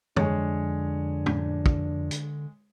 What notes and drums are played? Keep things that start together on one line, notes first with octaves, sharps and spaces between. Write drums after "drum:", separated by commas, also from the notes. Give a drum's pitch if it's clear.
F2 D3 G#3 D4 C#5, drum: tom
drum: tom
drum: kick
drum: hi-hat